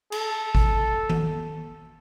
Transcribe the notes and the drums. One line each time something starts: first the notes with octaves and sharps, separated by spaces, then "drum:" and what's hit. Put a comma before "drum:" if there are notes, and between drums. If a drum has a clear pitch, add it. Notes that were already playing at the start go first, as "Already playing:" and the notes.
A4, drum: cymbal
drum: kick G#1
drum: tom D#3